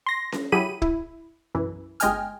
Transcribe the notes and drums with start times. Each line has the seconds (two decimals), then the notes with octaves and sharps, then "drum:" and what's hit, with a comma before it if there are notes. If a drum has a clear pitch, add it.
0.06 C6 A#6
0.32 drum: snare C#4
0.52 F#3 E4 G4 G#4 B5 D#7
0.82 E4, drum: kick
1.55 B1 F#2 E3
2.00 G1 G#3 D#5 G5 G#5 F6, drum: hi-hat